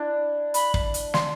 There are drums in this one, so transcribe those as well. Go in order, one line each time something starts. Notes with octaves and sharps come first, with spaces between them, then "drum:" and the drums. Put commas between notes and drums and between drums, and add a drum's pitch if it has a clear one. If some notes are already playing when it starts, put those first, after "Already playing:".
Already playing: D4 E4
B5, drum: hi-hat
drum: kick
drum: hi-hat
C6, drum: snare